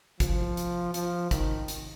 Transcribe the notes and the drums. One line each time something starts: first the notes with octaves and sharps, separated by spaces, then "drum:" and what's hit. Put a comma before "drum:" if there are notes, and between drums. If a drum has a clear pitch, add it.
F3, drum: kick, hi-hat
drum: hi-hat
F3, drum: hi-hat
D#3, drum: kick, hi-hat
drum: hi-hat